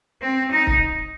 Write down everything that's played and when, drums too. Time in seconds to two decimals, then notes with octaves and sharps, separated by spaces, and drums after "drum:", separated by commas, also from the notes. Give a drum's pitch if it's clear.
0.22 C4
0.51 D#4
0.67 drum: kick C#1